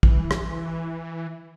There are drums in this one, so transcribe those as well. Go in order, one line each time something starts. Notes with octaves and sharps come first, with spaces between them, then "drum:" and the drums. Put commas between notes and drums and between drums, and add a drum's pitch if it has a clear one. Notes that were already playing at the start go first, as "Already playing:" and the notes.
E3, drum: kick
drum: rim click